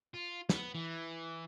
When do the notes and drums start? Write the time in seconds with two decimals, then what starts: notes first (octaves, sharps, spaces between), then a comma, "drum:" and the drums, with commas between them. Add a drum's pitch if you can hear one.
0.14 F4
0.49 B3, drum: snare
0.75 E3